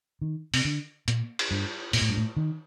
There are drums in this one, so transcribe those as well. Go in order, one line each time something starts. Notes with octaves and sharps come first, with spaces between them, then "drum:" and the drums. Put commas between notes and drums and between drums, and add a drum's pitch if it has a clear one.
D#3
C3, drum: open hi-hat
D3
A#2, drum: hi-hat
drum: cymbal
G2
A#2, drum: open hi-hat
A2
G2
A2
D#3